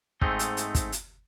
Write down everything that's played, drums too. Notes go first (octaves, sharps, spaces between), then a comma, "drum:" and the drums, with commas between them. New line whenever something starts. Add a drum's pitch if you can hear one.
G#2 G#3 A3 C4 D#4, drum: kick
drum: hi-hat
drum: hi-hat
drum: kick, hi-hat
drum: hi-hat